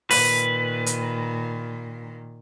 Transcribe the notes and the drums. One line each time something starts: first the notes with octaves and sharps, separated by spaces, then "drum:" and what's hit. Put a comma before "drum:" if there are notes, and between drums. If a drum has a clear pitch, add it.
A#2 D#3 B4, drum: open hi-hat
drum: hi-hat